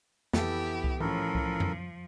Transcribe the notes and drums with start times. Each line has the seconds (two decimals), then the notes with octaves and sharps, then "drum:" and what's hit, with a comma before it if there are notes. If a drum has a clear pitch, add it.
0.33 F2 E3 B3 E4 G4 A4, drum: snare
0.84 drum: kick C2
1.00 A2 E3 F3 C#4 A4 A#4
1.35 drum: kick C2
1.60 drum: tom F2